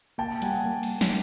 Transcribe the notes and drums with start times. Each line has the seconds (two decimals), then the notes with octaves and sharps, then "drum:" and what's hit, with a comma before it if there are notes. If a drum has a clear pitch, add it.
0.18 A#3 G5 A5
0.42 G3 F#5 G#5, drum: hi-hat
0.65 A#3
0.83 drum: cymbal
1.01 drum: snare